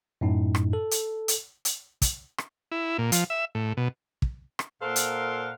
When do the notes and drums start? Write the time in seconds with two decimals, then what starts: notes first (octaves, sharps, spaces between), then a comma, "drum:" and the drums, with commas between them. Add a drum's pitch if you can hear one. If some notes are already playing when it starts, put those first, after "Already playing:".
0.21 F#2 A2 D#4
0.55 drum: rim click
0.73 A4
0.91 drum: hi-hat
1.28 drum: hi-hat
1.65 drum: hi-hat
2.02 drum: kick, hi-hat
2.38 drum: rim click
2.72 E4
2.98 A#2
3.12 F3, drum: hi-hat
3.30 E5
3.55 A2
3.77 B2
4.22 drum: kick
4.59 drum: rim click
4.82 A#2 A4 A#4 C5 F5 F#5
4.96 drum: hi-hat